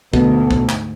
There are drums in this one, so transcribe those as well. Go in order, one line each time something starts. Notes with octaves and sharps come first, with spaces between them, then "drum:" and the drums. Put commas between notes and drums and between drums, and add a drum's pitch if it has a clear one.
D2 G#2 B2 A4, drum: kick
drum: kick
drum: clap